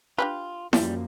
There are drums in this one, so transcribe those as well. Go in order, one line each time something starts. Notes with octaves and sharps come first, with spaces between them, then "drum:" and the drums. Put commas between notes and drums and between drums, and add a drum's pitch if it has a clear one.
D4 F4 G4 B4
F#2 F3 G3 A#3, drum: snare E4